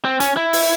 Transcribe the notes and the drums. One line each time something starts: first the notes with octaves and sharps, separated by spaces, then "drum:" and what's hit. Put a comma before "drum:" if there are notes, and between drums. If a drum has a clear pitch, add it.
C4
C#4, drum: hi-hat
E4
drum: open hi-hat